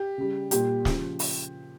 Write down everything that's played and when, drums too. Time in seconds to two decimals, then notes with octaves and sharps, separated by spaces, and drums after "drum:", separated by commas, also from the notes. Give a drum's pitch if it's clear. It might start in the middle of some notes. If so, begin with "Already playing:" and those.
Already playing: G4
0.17 C#3 G3
0.51 A#2 G3 G4, drum: hi-hat
0.85 C#3 F3, drum: snare
1.19 drum: open hi-hat